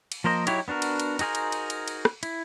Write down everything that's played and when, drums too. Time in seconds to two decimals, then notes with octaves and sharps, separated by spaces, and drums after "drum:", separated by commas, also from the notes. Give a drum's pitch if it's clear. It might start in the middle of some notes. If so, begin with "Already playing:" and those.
0.12 drum: cymbal
0.24 F3 A#3 A#4 C5 D#5
0.47 F#3 D#4 E4 G4 C#5, drum: cymbal
0.68 B3 D4 F#4 A#4
0.82 drum: cymbal
1.00 drum: cymbal
1.19 D#4 F#4 G#4 A#4 C5, drum: cymbal
1.35 drum: cymbal
1.52 drum: cymbal
1.70 drum: cymbal
1.88 drum: cymbal
2.05 drum: rim click
2.23 E4, drum: cymbal